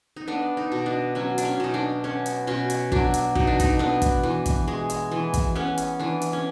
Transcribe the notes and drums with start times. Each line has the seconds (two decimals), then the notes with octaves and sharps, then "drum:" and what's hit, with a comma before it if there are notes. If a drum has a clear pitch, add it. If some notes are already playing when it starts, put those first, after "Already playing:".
0.16 D#4
0.28 B3 D4
0.57 D#4
0.72 B2
0.86 D4
1.15 F#3 C#4
1.38 D4, drum: hi-hat
1.45 C#4
1.60 B2 D#4
1.74 D4
2.04 B3 C#4
2.26 drum: hi-hat
2.47 B2 C#4
2.70 drum: hi-hat
2.92 F#3 D4, drum: kick
3.14 drum: hi-hat
3.35 B2 D#4, drum: kick
3.47 D4
3.60 D#4, drum: kick, hi-hat
3.79 B3 D4
4.02 drum: kick, hi-hat
4.23 E3
4.46 drum: kick, hi-hat
4.68 G#3
4.90 drum: hi-hat
5.11 E3
5.34 drum: kick, hi-hat
5.55 B3 C#4
5.78 drum: hi-hat
5.99 E3 D4
6.22 drum: hi-hat
6.33 C#4